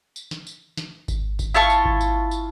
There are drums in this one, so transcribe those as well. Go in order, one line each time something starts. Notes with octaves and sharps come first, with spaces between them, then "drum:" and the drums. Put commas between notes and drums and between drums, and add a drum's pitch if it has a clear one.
drum: tambourine
drum: snare
drum: tambourine
drum: snare
drum: kick G#1, tambourine
drum: kick G#1, tambourine
E4 F4 A5 C#6
drum: tambourine
drum: kick G#1
drum: tambourine
drum: tambourine